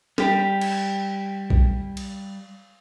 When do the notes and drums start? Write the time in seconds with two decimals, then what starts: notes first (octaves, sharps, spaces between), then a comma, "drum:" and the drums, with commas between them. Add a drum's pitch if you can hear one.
0.18 G3 G4, drum: snare
0.61 drum: cymbal
1.50 drum: kick
1.97 drum: cymbal